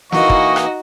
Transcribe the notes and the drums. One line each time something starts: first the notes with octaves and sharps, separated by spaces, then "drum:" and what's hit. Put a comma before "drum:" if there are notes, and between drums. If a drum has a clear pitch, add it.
E3 A#3 D#4 F#4 D#5 C#6, drum: snare
drum: kick
drum: rim click